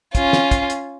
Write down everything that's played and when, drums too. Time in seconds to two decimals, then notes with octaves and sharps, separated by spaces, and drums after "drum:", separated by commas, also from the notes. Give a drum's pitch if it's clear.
0.15 C#4 F4, drum: kick, hi-hat
0.33 drum: snare
0.51 drum: kick, hi-hat
0.70 drum: hi-hat